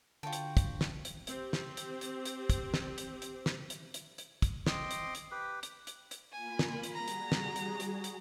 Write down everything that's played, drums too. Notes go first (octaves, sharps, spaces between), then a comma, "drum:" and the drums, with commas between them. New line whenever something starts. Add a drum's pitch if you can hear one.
D3 F4 F#4 C#5 G5 A5
drum: hi-hat
drum: kick, hi-hat
drum: snare
drum: hi-hat
C4 G4, drum: hi-hat
drum: snare
drum: hi-hat
drum: hi-hat
drum: hi-hat
drum: kick, hi-hat
drum: snare
drum: hi-hat
drum: hi-hat
drum: snare
drum: hi-hat
drum: hi-hat
drum: hi-hat
drum: kick, hi-hat
C4 D#5 C6 D6, drum: snare
drum: hi-hat
drum: hi-hat
G4 B4
drum: hi-hat
drum: hi-hat
drum: hi-hat
A#3 F4 G#5 B5
drum: snare
drum: hi-hat
G3 F#4 G#4 A#5
drum: hi-hat
drum: snare
drum: hi-hat
drum: hi-hat
drum: hi-hat